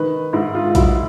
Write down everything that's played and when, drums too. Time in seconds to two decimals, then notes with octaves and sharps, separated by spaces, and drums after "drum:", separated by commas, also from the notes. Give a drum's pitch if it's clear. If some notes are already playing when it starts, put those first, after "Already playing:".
Already playing: D#3 B4
0.33 G#2 E4
0.54 F4
0.75 F#3 E4, drum: kick A#1, hi-hat